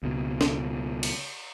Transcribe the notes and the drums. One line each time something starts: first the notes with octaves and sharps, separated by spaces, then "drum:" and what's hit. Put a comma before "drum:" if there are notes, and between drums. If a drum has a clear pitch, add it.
C#2 B2
drum: snare
drum: cymbal